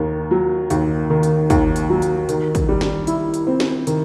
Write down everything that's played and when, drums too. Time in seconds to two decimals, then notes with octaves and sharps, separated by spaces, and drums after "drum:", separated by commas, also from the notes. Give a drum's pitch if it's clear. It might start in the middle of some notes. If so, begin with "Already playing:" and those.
Already playing: D#2 D#3
0.31 F#3
0.70 D#2, drum: hi-hat
1.10 D#3
1.23 drum: hi-hat
1.50 D#2, drum: kick, hi-hat
1.76 drum: hi-hat
1.90 F#3
2.02 drum: hi-hat
2.29 D#3, drum: hi-hat
2.55 drum: kick, hi-hat
2.69 G3
2.81 drum: snare
3.07 E4, drum: hi-hat
3.34 drum: hi-hat
3.47 C4
3.60 drum: snare
3.87 D#3, drum: hi-hat